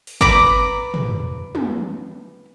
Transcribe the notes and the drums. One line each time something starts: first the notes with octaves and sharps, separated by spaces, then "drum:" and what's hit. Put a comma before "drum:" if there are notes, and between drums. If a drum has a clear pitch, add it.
drum: open hi-hat
B4 D5 A#5 D6, drum: kick
drum: tom
drum: tom